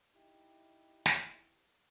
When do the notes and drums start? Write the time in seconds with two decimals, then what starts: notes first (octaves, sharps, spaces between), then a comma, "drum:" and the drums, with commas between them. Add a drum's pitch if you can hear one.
0.15 D#4 E4 G4
1.06 drum: snare